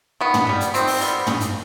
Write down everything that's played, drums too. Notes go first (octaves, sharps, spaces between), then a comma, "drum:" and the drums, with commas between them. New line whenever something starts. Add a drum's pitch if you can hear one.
D#3 B3
drum: tom
G3 B3
drum: hi-hat
D#3 C4, drum: hi-hat
drum: open hi-hat
G3 B3, drum: hi-hat
D#3, drum: tom
drum: hi-hat